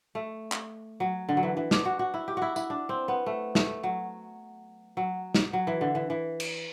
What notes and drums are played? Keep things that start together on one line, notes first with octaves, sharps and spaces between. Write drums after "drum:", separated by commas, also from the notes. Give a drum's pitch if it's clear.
A3
drum: clap
F#3
D3
F#3
E3
E3
D4, drum: snare
F#4
F#4
E4
G4
E4 F#4
E4, drum: tambourine
D4
C4
B3
A3
A3, drum: snare
F#3
F#3
drum: snare
F#3
E3
D3
E3
E3
drum: cymbal